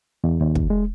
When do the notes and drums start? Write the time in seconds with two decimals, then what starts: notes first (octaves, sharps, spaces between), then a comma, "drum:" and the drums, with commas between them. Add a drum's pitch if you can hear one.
0.24 E2
0.41 D#2
0.55 drum: kick
0.70 G#3